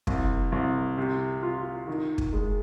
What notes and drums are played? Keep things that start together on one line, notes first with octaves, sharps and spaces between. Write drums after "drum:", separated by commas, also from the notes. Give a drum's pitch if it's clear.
C2, drum: kick
C2
C3
F4
D#3
drum: kick
G#3